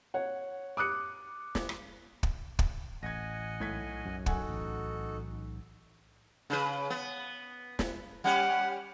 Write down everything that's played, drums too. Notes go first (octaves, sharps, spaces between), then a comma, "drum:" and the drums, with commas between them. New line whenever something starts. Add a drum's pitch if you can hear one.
C#5 F#5
D6 D#6 F#6 C#7
drum: snare
drum: rim click
drum: kick
drum: kick
A1 D#5 F#5 G#5 G#6 A#6
B1 A2 G#6 B6
F#2
D#4 F#4 A4 F#5 G#5, drum: kick
A1
C#3 B4
B3
drum: snare
G3 C#4 G4 F#5